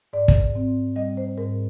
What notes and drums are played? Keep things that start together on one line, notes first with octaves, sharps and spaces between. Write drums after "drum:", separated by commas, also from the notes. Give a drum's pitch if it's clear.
G#2 D5
drum: kick
C4
G3 D#5
C5
G#2 A#4